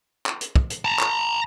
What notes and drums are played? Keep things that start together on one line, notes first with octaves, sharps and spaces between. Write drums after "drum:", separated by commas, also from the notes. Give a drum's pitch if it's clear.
drum: clap
drum: hi-hat
drum: kick
drum: hi-hat
A5 A#5
drum: clap